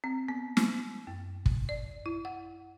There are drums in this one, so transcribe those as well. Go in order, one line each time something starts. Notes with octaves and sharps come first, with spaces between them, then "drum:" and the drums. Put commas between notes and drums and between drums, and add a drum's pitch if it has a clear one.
C4
B3
B3, drum: snare
F#2
drum: kick
D5
E4
F#5